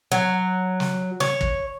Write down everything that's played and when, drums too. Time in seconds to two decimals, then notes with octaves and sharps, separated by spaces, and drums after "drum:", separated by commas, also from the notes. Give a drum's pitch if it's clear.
0.12 F#3
0.80 drum: snare
1.20 C#5, drum: snare
1.41 drum: kick